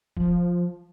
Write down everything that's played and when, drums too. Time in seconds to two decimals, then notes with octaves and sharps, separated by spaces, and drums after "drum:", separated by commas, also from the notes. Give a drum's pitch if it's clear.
0.17 F3, drum: kick